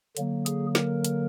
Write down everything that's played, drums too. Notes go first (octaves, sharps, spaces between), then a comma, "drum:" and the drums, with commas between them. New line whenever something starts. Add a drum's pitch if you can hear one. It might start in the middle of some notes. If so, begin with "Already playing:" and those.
D3 F#3 A#3, drum: hi-hat
G#4, drum: hi-hat
A#4, drum: snare
drum: hi-hat